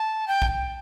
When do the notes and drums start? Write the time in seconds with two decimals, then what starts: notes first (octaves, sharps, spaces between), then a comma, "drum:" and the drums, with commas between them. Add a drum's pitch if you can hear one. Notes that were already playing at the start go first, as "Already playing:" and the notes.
Already playing: A5
0.28 G5
0.42 drum: kick A#1